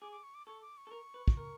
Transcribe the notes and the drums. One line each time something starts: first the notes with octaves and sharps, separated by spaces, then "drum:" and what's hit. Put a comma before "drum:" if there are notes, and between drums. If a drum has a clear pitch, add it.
G#4 D6
D6
C#6
D6
A4 C#6
D6
C#6
A4
A#4
B4
drum: kick
A#4